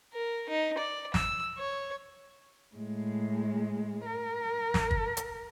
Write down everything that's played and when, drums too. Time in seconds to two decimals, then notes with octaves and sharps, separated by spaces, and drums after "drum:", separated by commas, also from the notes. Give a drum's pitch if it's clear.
0.13 A#4
0.49 D#4
0.78 D5
1.14 E6, drum: snare
1.59 C#5
2.75 A2 G#3
4.06 A#4
4.74 drum: snare
4.91 drum: kick
5.17 drum: hi-hat